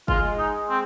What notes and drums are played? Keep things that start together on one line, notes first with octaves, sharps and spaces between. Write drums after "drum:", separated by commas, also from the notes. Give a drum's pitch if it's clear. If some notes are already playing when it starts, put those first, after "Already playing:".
G#3 F4, drum: kick
D#4
C4